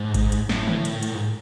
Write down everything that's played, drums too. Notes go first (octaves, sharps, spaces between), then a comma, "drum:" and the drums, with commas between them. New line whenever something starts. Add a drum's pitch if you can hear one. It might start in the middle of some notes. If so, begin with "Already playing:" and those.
Already playing: G#2
drum: kick G#1, hi-hat
drum: hi-hat
A2, drum: snare
drum: tom
drum: hi-hat
drum: hi-hat
G#2